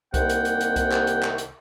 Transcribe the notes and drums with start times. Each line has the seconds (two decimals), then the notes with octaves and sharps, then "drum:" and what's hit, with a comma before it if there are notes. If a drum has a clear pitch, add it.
0.14 C2 C3 D#3 A#3 F#5 G5, drum: kick C2, hi-hat
0.29 drum: hi-hat
0.45 drum: hi-hat
0.61 drum: hi-hat
0.76 drum: kick C2, hi-hat
0.92 drum: clap
1.07 drum: hi-hat
1.23 drum: clap
1.38 drum: hi-hat